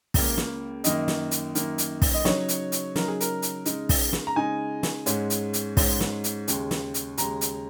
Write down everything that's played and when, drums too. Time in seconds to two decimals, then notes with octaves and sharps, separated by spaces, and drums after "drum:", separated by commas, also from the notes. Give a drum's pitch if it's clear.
0.14 C#2 C#3 A#3, drum: kick, open hi-hat
0.37 drum: snare
0.84 F#2 D#3 A#3 D#5, drum: hi-hat
1.08 drum: snare
1.31 drum: hi-hat
1.55 F#2 D#3 A#3, drum: hi-hat
1.78 drum: hi-hat
2.02 drum: kick, open hi-hat
2.14 D#5
2.25 C#3 F#3 D#4 C#5, drum: snare
2.49 drum: hi-hat
2.72 drum: hi-hat
2.96 C#3 F#3 D#4 A#4, drum: snare
3.08 G#4
3.21 A#4, drum: hi-hat
3.42 drum: hi-hat
3.65 C#3 G#3 D#4, drum: hi-hat
3.89 drum: kick, open hi-hat
4.13 drum: snare
4.27 A#5
4.36 C#3 G#3 D#4 G#5
4.83 drum: snare
5.06 G#2 G#3 C#4, drum: hi-hat
5.30 drum: hi-hat
5.53 drum: hi-hat
5.77 G#2 G#3 C#4, drum: kick, open hi-hat
6.00 drum: snare
6.24 drum: hi-hat
6.48 D#2 C#3 G#3, drum: hi-hat
6.71 drum: snare
6.94 drum: hi-hat
7.18 D#2 C#3 G#3 A#5, drum: hi-hat
7.41 drum: hi-hat